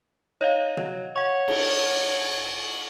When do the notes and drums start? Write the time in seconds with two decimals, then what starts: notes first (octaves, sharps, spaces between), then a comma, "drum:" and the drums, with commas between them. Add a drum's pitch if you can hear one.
0.41 D#4 C#5 D#5 F5
0.77 F#3, drum: tom
1.16 C#5 F#5 C#6
1.48 drum: cymbal